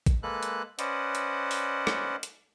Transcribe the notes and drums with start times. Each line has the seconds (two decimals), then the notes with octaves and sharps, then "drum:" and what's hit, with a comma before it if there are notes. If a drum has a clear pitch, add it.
0.06 drum: kick A1, hi-hat
0.23 G#3 A#3 A4 B4 F#6
0.43 drum: hi-hat
0.79 C#4 B4 C5 D5 D#5 F#5, drum: hi-hat
1.15 drum: hi-hat
1.51 drum: open hi-hat
1.87 drum: rim click
2.23 drum: hi-hat